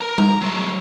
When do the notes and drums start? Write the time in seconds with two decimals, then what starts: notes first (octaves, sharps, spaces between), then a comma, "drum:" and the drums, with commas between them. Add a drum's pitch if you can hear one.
0.01 A#4 A#5
0.18 A#5, drum: tom G3
0.41 F#3 A3